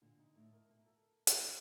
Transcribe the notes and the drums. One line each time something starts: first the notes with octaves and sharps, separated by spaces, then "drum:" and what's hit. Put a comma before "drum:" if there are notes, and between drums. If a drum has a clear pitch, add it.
A#2 D3
D#4
A2 A3
A#4
A#2 A3
A4
drum: hi-hat